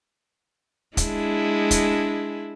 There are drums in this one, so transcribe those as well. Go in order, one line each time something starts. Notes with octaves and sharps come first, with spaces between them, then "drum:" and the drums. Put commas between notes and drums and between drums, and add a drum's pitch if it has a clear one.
G#3 D4 E4, drum: kick, hi-hat
drum: kick, hi-hat